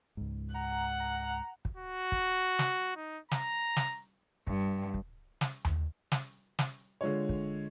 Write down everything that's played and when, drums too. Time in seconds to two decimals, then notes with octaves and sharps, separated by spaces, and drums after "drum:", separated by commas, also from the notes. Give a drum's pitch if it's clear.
0.17 C#2 G#2
0.54 F#5 A#5
1.00 A#5
1.65 drum: kick
1.77 F#4
2.12 drum: kick
2.59 drum: snare
2.97 D#4
3.31 A#5, drum: snare
3.76 drum: snare
4.47 G2, drum: kick
4.94 drum: kick
5.41 drum: snare
5.65 drum: tom D#2
6.12 drum: snare
6.59 drum: snare
7.01 D3 G#3 F4 C#5
7.29 drum: kick